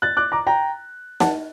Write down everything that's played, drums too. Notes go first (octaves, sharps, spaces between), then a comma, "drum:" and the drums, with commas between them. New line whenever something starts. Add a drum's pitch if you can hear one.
F#6 A6
D6 F#6
A#5 D6
G5 A#5
F#5 A5, drum: snare